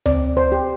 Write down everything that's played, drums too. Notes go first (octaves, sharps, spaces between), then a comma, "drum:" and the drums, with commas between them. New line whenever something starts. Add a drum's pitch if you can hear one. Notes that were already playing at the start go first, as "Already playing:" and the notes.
C4 D5, drum: tom D2
C5
G4